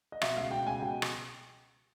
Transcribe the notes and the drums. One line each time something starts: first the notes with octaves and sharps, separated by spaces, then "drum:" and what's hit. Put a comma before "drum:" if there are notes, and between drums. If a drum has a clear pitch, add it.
D#5
B2 E5, drum: rim click
C#2 F5
B2 G5
C#2 G#5
B2 G5
drum: rim click